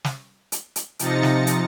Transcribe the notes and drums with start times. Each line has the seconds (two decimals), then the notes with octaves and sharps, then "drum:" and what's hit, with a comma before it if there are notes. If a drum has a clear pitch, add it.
0.05 drum: snare
0.52 drum: hi-hat
0.76 drum: hi-hat
0.99 C3 F3 D#4 A6 A#6 C#7, drum: hi-hat
1.23 drum: snare
1.47 drum: hi-hat